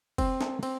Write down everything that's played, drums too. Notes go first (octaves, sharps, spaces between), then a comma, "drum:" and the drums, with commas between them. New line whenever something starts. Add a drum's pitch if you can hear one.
C4, drum: kick F1, cymbal
drum: snare
C4, drum: cymbal